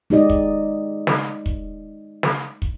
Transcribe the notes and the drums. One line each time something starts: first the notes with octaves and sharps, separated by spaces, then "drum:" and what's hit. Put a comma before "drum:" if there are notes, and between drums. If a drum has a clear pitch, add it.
G#3 D#4 G4 D5 D#5
drum: kick
drum: snare
drum: kick
drum: snare
drum: kick